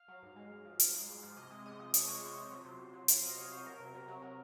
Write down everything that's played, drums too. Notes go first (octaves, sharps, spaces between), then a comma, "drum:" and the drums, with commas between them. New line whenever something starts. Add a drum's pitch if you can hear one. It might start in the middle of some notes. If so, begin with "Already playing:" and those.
Already playing: F5
F#3
G#2
G#3
G#2
F3
G#2, drum: hi-hat
G#3
G#2
F3
C3 D#5
G#3
C3 D#5
F3
C3 C#5, drum: hi-hat
G#3
C3 C5
F3
F#3
C3
C3
F#3
F#3 F5, drum: hi-hat
C3 D#5
C3 C#5
F#3 C5
F#3 A#4
C3
C3
F#3
F#3